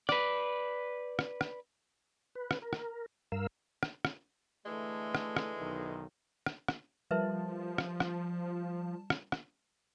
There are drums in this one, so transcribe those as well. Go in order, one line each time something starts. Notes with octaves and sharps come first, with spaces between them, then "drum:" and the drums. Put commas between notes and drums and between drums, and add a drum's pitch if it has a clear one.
B4 D5, drum: rim click
drum: rim click
drum: rim click
B4
drum: rim click
A#4
drum: rim click
G2 A#4 F5 E6
drum: rim click
drum: rim click
D3 E3 G#3 A3
drum: rim click
drum: rim click
B1 D#3
drum: rim click
drum: rim click
F3 G3 A#4 B4 E5 A5
drum: rim click
drum: rim click
drum: rim click
drum: rim click